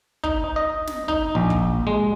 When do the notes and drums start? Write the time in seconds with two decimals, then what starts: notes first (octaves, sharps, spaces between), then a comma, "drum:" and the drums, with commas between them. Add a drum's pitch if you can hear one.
0.24 D#4, drum: kick
0.56 D#5
0.87 drum: snare
1.08 D#4, drum: kick
1.35 A#1
1.50 drum: kick
1.87 G#3